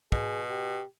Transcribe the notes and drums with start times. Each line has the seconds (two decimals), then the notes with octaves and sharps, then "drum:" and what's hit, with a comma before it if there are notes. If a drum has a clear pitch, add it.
0.12 B2 G#4, drum: kick
0.49 G4